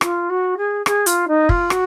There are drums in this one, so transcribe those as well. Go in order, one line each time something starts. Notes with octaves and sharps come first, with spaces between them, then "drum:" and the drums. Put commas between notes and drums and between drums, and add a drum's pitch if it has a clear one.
F4, drum: rim click
F#4
G#4
G#4, drum: rim click
F4, drum: hi-hat
D#4
F4, drum: kick
F#4, drum: rim click